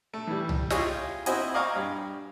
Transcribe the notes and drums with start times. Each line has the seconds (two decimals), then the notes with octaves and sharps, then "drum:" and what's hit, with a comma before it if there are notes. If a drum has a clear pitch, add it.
0.14 A3
0.27 E3 G3
0.49 drum: tom C2
0.70 E4 F4 G4 G#4 C#5 D#5, drum: snare
1.26 C4 E4 F#4 C5 D#5 G#5, drum: hi-hat
1.54 D5 D#5 F5 G#5 A#5 C#6
1.75 G2